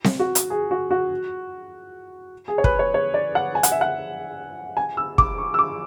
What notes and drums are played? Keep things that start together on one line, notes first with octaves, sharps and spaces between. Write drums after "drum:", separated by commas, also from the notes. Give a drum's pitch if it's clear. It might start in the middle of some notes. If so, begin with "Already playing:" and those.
drum: snare C4
F#4
drum: hi-hat
G#4
F#4
F#4
G#4
C#5
B4, drum: kick
C#5
C#5
D5
F#5
G#5
F#5, drum: hi-hat
E5
F#5
G#5
E6
D6, drum: kick
C#6
E6
D6